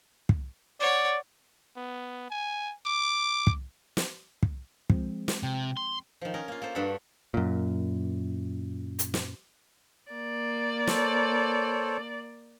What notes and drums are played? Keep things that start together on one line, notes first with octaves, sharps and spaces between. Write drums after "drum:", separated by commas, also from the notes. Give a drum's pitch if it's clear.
drum: kick
C#5 D5 F#5
B3
G#5
D6
drum: kick
drum: snare
drum: kick
F3 G#3 C4, drum: kick
drum: snare
C3 G5
C6
D#3 F3
C#4 A#4 D#5
A#3 F4
A#3 A4 C5
G2 D4 F#4 A4 B5
F#2 A#2
drum: hi-hat
drum: snare
A#3 D5
A4 C5 C#5, drum: snare